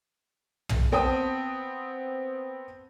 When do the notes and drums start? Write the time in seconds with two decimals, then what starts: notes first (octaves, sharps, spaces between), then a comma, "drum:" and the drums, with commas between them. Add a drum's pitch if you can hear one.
0.69 drum: tom
0.92 B3 C4 G5 A5 D#6